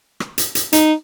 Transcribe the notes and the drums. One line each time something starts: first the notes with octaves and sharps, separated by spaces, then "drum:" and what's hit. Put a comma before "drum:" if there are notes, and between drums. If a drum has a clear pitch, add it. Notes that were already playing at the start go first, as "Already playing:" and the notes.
drum: rim click
drum: hi-hat
drum: hi-hat
D#4, drum: hi-hat